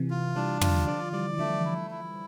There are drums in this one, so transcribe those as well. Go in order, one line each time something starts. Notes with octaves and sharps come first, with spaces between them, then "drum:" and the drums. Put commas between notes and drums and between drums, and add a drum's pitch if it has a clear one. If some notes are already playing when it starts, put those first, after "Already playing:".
Already playing: C3 E3
F4
E3 G3 D4
D3 F3 F4, drum: tom
D3 F3 D5
E3 G3 D5
E3
D3 F3 A3
E4
E4